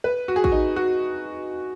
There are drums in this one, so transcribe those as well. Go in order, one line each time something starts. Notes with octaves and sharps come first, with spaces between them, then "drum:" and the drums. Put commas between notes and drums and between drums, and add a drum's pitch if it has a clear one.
B4
F#4
G#4
F#4, drum: kick
D#4
F#4